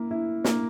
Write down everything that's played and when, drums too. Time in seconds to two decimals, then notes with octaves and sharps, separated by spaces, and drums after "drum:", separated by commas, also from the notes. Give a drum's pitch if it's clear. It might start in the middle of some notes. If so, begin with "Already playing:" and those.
Already playing: A#3 E4
0.11 E4
0.44 A#3, drum: snare